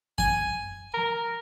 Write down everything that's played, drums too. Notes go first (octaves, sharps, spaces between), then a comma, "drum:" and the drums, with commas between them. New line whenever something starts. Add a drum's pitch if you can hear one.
G#5, drum: kick F#2
A#4